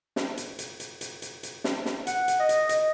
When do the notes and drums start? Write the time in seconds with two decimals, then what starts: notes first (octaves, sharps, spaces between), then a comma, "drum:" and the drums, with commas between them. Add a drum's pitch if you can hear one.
0.16 drum: snare
0.37 drum: hi-hat
0.59 drum: hi-hat
0.80 drum: hi-hat
1.01 drum: hi-hat
1.22 drum: hi-hat
1.43 drum: hi-hat
1.64 drum: snare
1.86 drum: snare
2.07 F#5, drum: hi-hat
2.28 drum: hi-hat
2.40 D#5
2.49 drum: hi-hat
2.69 D#5, drum: hi-hat